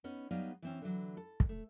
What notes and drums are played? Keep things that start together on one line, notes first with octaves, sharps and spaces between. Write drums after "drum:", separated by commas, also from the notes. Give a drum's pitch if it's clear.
B3 C#4 D#4
F#3 G3 B3 D#4 D5 F5
E3 C4 C#4
D3 E3 F#3
A4
drum: kick
A3